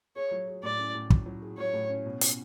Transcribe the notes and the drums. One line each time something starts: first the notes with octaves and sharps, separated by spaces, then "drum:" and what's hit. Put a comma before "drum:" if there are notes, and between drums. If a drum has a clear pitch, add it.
G#4 C#5
F#3
G#4
A2 D5
C#4
A2
F#3, drum: kick
F#3
G#4
F#3 C#5
A2
C#4
B2
C#4, drum: hi-hat